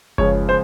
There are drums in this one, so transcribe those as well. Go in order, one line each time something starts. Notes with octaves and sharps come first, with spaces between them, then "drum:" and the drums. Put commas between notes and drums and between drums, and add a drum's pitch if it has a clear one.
C#2 C#3 F3 C#5, drum: kick F#1
C5